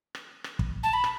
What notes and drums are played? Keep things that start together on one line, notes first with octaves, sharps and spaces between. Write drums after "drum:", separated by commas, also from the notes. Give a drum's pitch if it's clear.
drum: rim click
drum: rim click
drum: kick
A5
B5
drum: rim click